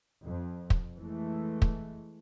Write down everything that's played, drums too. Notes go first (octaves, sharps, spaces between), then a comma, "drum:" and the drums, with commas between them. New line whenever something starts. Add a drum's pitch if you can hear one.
F2
drum: kick
E3 G#3 A3
drum: kick